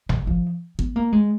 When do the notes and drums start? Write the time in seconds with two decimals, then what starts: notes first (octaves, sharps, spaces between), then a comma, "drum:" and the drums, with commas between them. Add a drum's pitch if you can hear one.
0.09 D#3, drum: tom G#1
0.27 F3
0.79 B3, drum: kick
0.96 A#3
1.12 G#3